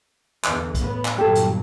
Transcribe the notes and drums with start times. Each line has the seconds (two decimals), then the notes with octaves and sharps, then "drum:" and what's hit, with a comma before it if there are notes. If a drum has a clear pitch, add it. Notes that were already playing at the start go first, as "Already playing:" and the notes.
0.44 E2 D3 E3, drum: clap
0.75 A2 B3, drum: kick B1, hi-hat
1.05 drum: clap
1.18 G1 A#2 F#3 G4 A4
1.35 drum: hi-hat